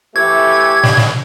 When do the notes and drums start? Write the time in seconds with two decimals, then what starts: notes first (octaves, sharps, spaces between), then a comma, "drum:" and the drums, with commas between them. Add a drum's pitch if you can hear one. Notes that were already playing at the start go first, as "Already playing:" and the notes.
0.16 E3 A3 G4 C#6 D6 E6 G#6
0.83 drum: snare
0.97 drum: snare